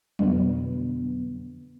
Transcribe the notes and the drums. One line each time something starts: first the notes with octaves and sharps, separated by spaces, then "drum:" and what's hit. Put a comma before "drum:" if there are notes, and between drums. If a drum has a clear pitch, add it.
F2 B2 D3 F#3 B3, drum: tom F#3